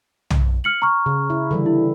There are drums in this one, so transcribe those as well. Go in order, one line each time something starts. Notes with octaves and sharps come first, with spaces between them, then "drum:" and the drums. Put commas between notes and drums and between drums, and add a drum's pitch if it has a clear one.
drum: tom
F6 C#7 F#7
A#5 C#6 F6
C#3
E4
D3 E3 G3
E4